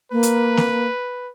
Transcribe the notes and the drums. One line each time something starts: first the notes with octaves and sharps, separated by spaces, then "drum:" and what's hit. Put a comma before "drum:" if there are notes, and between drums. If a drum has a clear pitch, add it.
A#3 B4
drum: hi-hat
drum: snare A#3